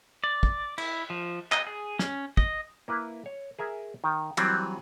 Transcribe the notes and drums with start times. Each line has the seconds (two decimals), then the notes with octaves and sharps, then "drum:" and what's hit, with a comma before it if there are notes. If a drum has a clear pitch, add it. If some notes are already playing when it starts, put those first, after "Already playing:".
0.24 D5
0.43 drum: kick
0.78 E4, drum: cymbal
1.10 F3
1.52 D#5, drum: clap
1.67 G#4
1.99 C#4, drum: snare
2.37 D#5, drum: kick
2.88 A#3 E4 B4
3.26 C#5
3.59 G#4 A#4 E5 G#5
4.04 D#3
4.37 E3 F#3 G3 C4, drum: cymbal